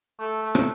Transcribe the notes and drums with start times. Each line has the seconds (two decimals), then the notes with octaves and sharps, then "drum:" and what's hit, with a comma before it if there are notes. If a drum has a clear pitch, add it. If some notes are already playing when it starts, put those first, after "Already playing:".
0.19 A3
0.43 A3
0.55 drum: rim click